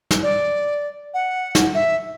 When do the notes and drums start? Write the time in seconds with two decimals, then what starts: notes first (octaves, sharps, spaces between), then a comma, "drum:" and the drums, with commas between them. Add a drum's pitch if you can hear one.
0.11 drum: snare
0.23 D5
1.14 F#5
1.55 drum: snare
1.75 E5